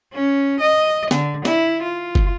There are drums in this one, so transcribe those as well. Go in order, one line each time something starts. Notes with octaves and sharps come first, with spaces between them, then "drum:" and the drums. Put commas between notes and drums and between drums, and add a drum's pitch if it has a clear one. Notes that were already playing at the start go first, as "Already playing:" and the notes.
C#4
D#5
D3, drum: snare
E4, drum: snare
F4
drum: kick